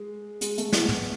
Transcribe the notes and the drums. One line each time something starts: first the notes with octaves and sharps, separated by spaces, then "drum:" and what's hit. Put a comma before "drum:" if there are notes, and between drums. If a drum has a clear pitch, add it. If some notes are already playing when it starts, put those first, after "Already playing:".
Already playing: G#3
G#3, drum: hi-hat
A3, drum: hi-hat
B3, drum: snare
drum: tom